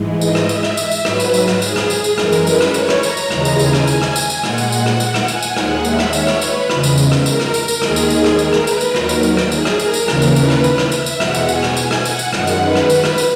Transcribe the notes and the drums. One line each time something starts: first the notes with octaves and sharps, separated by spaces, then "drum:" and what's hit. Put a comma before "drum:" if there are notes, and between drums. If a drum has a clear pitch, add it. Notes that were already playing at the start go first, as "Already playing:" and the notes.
Already playing: G#2 E3 G#3
D#5, drum: tambourine
drum: rim click
E5, drum: tambourine
drum: rim click
drum: tambourine
drum: tambourine
G#2 F#3 B4, drum: rim click
drum: tambourine
drum: tambourine
drum: rim click
G#4, drum: tambourine
drum: rim click
G#4, drum: tambourine
drum: tambourine
F#2 E3 G#3 A#4, drum: rim click
drum: tambourine
B4, drum: tambourine
drum: rim click
C#5, drum: tambourine
drum: rim click
A#5, drum: tambourine
drum: tambourine
D#2 C#3 E3 G#3 A#5, drum: rim click
drum: tambourine
G#5, drum: tambourine
drum: rim click
drum: tambourine
drum: rim click
drum: tambourine
drum: tambourine
A#2 G#3 F#5, drum: rim click
drum: tambourine
F#5, drum: tambourine
drum: rim click
F#5, drum: tambourine
drum: rim click
G#5, drum: tambourine
drum: tambourine
D#2 D#3 G#3 F#5, drum: rim click
E5, drum: tambourine
drum: rim click
C#5, drum: tambourine
drum: rim click
B4, drum: tambourine
E2 C#3 G#3, drum: rim click
drum: tambourine
drum: tambourine
drum: rim click
A#4, drum: tambourine
drum: rim click
drum: tambourine
drum: tambourine
D#2 D#3 G#3 G#4, drum: rim click
drum: tambourine
drum: tambourine
drum: rim click
A#4, drum: tambourine
drum: rim click
B4, drum: tambourine
drum: tambourine
D#2 D#3 F#3 A#4, drum: rim click
drum: tambourine
drum: tambourine
drum: rim click
G#4, drum: tambourine
drum: rim click
A#4, drum: tambourine
drum: tambourine
D#2 C#3 E3, drum: rim click
drum: tambourine
B4, drum: tambourine
drum: rim click
drum: tambourine
drum: rim click
E5, drum: tambourine
drum: tambourine
E2 B2 G#3 F#5, drum: rim click
drum: tambourine
G#5, drum: tambourine
drum: rim click
G#5, drum: tambourine
drum: rim click
F#5, drum: tambourine
drum: tambourine
F#2 D#3 G#3 F#5, drum: rim click
drum: tambourine
B4
drum: rim click
drum: tambourine
drum: rim click
drum: tambourine